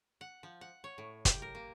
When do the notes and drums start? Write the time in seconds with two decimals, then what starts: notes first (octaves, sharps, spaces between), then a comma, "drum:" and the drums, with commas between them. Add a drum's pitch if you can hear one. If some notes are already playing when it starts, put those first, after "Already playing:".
0.21 F#5
0.43 F3
0.61 F#5
0.84 C#5
0.98 A2
1.25 G4, drum: kick, hi-hat
1.42 A#4
1.55 A#3